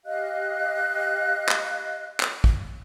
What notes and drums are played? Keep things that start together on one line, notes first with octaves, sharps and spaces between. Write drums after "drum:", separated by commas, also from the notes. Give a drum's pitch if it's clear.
G4 D#5 F5 F#6
drum: clap
drum: clap
drum: kick A#1